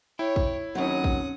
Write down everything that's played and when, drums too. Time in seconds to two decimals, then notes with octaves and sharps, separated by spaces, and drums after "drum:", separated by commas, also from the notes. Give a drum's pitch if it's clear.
0.19 E4 C#5 G5
0.36 drum: kick
0.75 D#2 F#3 C4 C#4 F#5 D#6
1.04 drum: kick